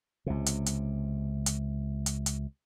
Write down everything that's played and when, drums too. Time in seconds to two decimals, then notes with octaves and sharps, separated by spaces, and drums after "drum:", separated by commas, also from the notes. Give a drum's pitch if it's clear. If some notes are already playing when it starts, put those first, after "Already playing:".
0.26 C#2 C3
0.46 drum: hi-hat
0.66 drum: hi-hat
1.46 drum: hi-hat
2.06 drum: hi-hat
2.26 drum: hi-hat